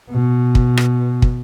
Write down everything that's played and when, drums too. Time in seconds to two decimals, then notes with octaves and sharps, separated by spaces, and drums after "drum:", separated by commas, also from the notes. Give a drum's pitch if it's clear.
0.10 B2
0.55 drum: kick
0.77 drum: rim click
1.22 drum: kick